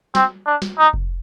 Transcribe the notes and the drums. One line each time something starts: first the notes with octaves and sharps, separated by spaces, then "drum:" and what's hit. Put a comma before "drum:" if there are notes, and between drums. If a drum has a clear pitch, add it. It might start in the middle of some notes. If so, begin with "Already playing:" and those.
C4, drum: snare
D4
drum: snare
D#4
drum: kick F1